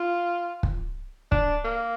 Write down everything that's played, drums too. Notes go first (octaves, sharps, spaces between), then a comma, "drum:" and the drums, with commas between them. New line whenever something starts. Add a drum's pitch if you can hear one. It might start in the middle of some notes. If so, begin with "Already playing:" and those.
Already playing: F4
drum: kick
D4, drum: kick
A#3